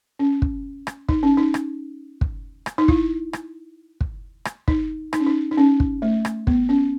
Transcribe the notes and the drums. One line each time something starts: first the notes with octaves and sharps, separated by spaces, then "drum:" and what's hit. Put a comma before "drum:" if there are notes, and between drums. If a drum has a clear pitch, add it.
C#4
drum: kick
drum: rim click
D#4, drum: kick
C#4
D#4
drum: rim click
drum: kick
drum: rim click
D#4
E4, drum: kick
drum: rim click
drum: kick
drum: rim click
D#4, drum: kick
D#4, drum: rim click
C#4
D#4
D#4
C#4
drum: kick
A3
drum: rim click
B3, drum: kick
C#4